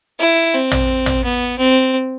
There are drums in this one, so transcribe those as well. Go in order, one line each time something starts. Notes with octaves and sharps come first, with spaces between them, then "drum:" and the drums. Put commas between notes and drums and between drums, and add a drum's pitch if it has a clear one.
E4
C4
drum: tom
drum: tom
B3
C4